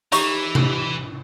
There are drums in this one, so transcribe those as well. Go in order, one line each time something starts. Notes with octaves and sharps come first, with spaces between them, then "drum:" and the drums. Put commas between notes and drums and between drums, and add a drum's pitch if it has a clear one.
E3 D#4 G4 C#6, drum: hi-hat
drum: tom C3